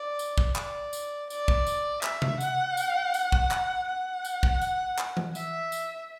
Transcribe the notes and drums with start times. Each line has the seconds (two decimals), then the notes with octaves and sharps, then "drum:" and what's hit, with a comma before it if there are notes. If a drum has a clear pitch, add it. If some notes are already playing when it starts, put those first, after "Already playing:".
Already playing: D5
0.19 drum: tambourine
0.38 drum: kick
0.56 D5, drum: clap
0.93 drum: tambourine
1.30 D5, drum: tambourine
1.48 drum: kick
1.67 drum: tambourine
2.03 E5, drum: clap
2.22 drum: tom C3
2.41 F#5, drum: tambourine
2.77 drum: tambourine
3.14 drum: tambourine
3.32 drum: kick
3.51 drum: clap
3.88 F#5
4.25 drum: tambourine
4.43 drum: kick
4.61 drum: tambourine
4.98 drum: clap
5.17 drum: tom E3
5.35 E5, drum: tambourine
5.72 drum: tambourine